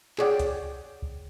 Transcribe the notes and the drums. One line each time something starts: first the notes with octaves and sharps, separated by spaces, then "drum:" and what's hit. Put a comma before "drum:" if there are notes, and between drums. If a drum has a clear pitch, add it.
G#4 C#5 D5 F#5 G5, drum: clap
drum: kick C#2, hi-hat
drum: kick C#2